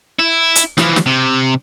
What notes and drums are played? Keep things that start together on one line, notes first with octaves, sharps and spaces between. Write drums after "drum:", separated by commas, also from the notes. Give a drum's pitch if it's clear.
E4
drum: hi-hat
E3 F3, drum: snare
drum: snare
C3